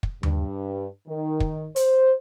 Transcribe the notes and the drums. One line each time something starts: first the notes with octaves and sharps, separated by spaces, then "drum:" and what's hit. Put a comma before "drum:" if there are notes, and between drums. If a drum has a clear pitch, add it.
drum: kick
G2, drum: tom D#2
D#3
drum: kick
C5, drum: hi-hat